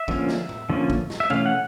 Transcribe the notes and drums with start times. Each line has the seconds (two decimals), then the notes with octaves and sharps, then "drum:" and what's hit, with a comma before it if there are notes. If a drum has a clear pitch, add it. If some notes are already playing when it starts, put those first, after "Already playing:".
Already playing: E5
0.08 D3 F3 A#3 C#4, drum: kick
0.29 drum: snare
0.49 drum: tom A2
0.70 D3 F3 A#3 C#4
0.90 drum: kick
1.10 drum: snare
1.20 E5
1.30 E3 A3 C#4 F5, drum: tom B2
1.46 F#5